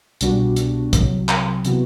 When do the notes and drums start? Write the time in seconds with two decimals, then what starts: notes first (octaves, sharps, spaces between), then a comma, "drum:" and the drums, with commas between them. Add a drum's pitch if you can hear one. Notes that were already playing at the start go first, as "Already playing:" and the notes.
0.21 C2 B2 G3 D4 F#4, drum: hi-hat
0.56 drum: hi-hat
0.93 C2 C3 F#3, drum: kick, hi-hat
1.29 drum: clap
1.65 C3 E3 B3 F#4, drum: hi-hat